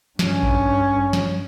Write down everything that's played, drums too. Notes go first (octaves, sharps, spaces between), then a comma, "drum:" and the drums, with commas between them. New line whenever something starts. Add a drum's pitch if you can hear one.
G2 C#4, drum: snare
drum: kick A1
drum: snare